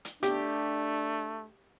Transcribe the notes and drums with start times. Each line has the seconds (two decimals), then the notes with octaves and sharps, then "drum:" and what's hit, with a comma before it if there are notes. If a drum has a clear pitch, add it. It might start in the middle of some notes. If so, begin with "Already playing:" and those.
0.05 drum: hi-hat
0.23 A3 D4 G4, drum: hi-hat